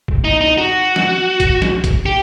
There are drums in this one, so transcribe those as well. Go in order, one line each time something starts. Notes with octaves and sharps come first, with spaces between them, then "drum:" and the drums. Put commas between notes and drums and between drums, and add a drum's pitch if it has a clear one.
drum: kick A#1
D#4
D#4
F#4
drum: snare
drum: kick A#1, hi-hat
drum: snare
drum: kick A#1, hi-hat
G4